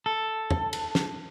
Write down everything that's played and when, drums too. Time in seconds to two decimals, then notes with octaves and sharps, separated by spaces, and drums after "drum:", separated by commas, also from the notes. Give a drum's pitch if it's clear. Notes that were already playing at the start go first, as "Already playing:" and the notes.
0.06 A4
0.51 drum: tom E2
0.73 drum: cymbal
0.95 drum: snare